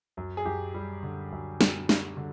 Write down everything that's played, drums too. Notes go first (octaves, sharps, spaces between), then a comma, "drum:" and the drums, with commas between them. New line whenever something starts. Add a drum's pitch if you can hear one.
F#2
G#4
F#2 G4
G3
D3
F#2
F#2, drum: snare
G3 F#4, drum: snare
D3